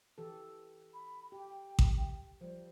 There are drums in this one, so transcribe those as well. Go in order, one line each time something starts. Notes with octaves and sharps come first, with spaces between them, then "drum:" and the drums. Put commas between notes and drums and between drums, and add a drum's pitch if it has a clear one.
E3 G4 A4
B5
G4 G5
drum: kick A1
F3 G3 C5